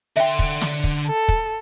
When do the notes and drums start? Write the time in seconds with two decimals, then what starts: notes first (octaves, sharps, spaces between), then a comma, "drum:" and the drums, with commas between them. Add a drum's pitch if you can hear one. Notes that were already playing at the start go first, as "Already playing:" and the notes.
0.17 D3 E5 G5 C6
0.39 drum: kick
0.61 drum: snare
0.84 drum: kick
1.07 A4
1.28 drum: kick